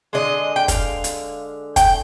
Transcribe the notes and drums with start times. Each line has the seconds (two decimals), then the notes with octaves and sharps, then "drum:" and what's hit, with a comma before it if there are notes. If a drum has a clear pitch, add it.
0.13 D3 G#3 D#5
0.56 G5
0.68 F5, drum: kick, hi-hat
1.04 drum: hi-hat
1.76 G5, drum: kick, hi-hat